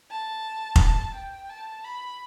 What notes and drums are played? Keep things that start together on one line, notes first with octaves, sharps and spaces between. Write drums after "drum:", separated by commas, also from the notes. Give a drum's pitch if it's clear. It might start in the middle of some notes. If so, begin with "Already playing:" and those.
A5
drum: kick F1
G5
A5
B5